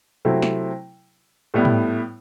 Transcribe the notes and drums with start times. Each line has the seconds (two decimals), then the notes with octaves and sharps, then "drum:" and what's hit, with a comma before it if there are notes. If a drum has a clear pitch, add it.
0.25 C3 F#3 A3 C4 E4
0.42 drum: snare
1.54 A2 G3 B3 E4
1.65 drum: tom